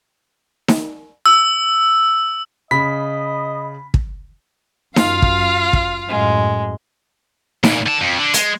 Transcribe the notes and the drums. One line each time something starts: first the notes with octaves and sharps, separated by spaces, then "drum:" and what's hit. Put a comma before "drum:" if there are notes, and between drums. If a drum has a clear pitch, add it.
drum: snare D#4
E6
C#3 D#5 B5 B6
drum: kick
F#2 F4 F5, drum: snare D#4
drum: kick
drum: kick
F#2 A2 G#3
A#2 E3, drum: snare D#4
D3 A5
F2
D3
G#3, drum: hi-hat